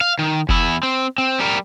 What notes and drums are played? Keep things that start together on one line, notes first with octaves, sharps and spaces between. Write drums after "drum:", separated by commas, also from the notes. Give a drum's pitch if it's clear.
F5
D#3
E2 E4, drum: kick F1
C4
C4
G3 A#4